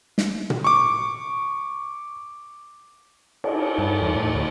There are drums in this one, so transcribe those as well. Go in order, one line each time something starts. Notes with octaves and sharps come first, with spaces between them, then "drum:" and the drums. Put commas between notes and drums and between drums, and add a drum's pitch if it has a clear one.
drum: snare
drum: tom A#2
C#6 D6
drum: cymbal
G2
E2
A2
D2